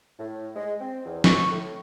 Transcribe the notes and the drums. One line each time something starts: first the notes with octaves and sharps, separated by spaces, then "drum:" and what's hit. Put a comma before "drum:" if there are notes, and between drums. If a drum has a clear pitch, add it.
A2
G#3
C4
E2
C#6, drum: snare
A2